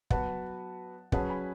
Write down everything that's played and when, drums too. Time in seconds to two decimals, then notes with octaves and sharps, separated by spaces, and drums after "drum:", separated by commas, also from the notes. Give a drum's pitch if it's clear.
0.10 F#3 B3 F#4 B4 F#5 A5, drum: kick
1.12 F#3 C#4 G#4 B4 F#5 A5, drum: kick
1.29 G#5 B5